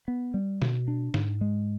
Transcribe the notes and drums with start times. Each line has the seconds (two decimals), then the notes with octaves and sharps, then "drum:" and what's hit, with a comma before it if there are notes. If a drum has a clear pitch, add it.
0.08 B3
0.34 G3
0.62 B2, drum: snare
0.88 D4
1.14 G#2, drum: snare
1.41 G#3